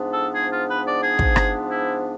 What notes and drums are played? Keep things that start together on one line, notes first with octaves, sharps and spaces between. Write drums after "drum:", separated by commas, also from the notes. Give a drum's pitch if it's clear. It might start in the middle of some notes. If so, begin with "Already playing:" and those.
Already playing: G#2 F3 B3 D4
A4
G#4
F4
B4
D5
G#4
drum: kick
drum: rim click
E4